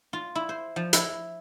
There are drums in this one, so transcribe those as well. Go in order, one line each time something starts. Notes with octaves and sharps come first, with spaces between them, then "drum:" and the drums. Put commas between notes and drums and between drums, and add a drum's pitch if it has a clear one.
F4
E4
C5
F3
E4, drum: hi-hat